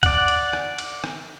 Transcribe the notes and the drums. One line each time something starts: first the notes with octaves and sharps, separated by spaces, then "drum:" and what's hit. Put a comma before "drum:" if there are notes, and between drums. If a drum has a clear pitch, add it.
D5 F#5, drum: kick, cymbal
drum: cymbal
drum: rim click
drum: cymbal
drum: rim click